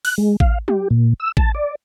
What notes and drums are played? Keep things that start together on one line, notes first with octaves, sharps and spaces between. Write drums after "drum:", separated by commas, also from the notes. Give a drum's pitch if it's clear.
F#6, drum: open hi-hat
G#3
F5, drum: kick A1
G4, drum: tom
A#2
E6
A5, drum: kick A1
D5